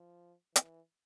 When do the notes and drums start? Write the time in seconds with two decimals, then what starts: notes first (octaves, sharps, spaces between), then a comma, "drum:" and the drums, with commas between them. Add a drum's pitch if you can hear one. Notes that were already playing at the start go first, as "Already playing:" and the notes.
Already playing: F3
0.56 E3, drum: hi-hat